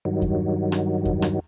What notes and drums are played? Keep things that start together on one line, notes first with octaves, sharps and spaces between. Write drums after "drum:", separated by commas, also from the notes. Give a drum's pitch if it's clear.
G2 D#3 F#3
drum: kick E2
drum: rim click
drum: kick E2
drum: rim click